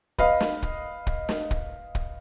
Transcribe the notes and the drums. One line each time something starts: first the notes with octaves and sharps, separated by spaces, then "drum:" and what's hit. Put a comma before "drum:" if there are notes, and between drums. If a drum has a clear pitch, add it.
B4 D#5 F5, drum: kick
drum: snare
drum: kick
drum: kick
drum: snare
drum: kick
drum: kick